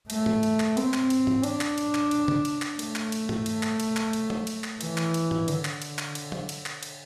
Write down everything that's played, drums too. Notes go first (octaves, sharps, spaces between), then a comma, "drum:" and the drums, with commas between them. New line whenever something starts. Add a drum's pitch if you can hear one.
A3, drum: cymbal
drum: tom
drum: cymbal
drum: clap
C4, drum: cymbal
drum: clap
drum: cymbal
drum: tom
D4, drum: cymbal
drum: clap
drum: cymbal
drum: clap
drum: cymbal
drum: tom C#3
drum: cymbal
drum: clap
A3, drum: cymbal
drum: clap
drum: cymbal
drum: tom
drum: cymbal
drum: clap
drum: cymbal
drum: clap
drum: cymbal
drum: tom
drum: cymbal
drum: clap
E3, drum: cymbal
drum: clap
drum: cymbal
drum: tom
D3, drum: cymbal
drum: clap
drum: cymbal
drum: clap
drum: cymbal
drum: tom
drum: cymbal
drum: clap
drum: cymbal